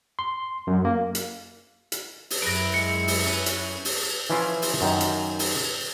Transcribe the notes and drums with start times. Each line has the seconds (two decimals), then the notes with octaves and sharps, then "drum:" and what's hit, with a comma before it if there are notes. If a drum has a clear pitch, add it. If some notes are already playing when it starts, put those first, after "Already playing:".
0.19 C6
0.67 F#2
0.85 A#3
1.15 drum: hi-hat
1.92 drum: hi-hat
2.30 drum: open hi-hat
2.42 F#2 E4 B4 A#6 D7
2.74 G#3 C#7
3.08 drum: open hi-hat
3.27 C#4 B4
3.46 drum: hi-hat
3.85 drum: open hi-hat
4.30 E3 F3 C#4 E4 F4
4.62 drum: open hi-hat
4.81 F#2 D#3
5.01 drum: hi-hat
5.39 drum: open hi-hat